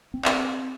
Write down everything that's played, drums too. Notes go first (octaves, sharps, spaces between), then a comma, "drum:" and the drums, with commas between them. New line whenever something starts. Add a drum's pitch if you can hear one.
C4
drum: clap